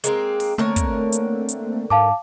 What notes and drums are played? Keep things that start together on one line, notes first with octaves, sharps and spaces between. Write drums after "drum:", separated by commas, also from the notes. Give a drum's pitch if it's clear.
G#3 A#3 C4, drum: hi-hat
drum: open hi-hat
D3 A3 A#3 C4 A#4 C#5
drum: kick, hi-hat
drum: hi-hat
drum: hi-hat
G#2 F5 A5 D6